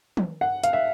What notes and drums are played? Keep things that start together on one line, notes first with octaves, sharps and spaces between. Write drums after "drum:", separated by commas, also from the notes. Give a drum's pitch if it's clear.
drum: tom
F#5
F5, drum: hi-hat
E5